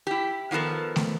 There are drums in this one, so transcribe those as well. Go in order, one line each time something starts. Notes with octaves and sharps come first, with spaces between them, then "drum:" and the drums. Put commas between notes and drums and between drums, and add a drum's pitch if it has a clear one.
E4 G4
D#3 F3 B3 A4 A#4
drum: snare A3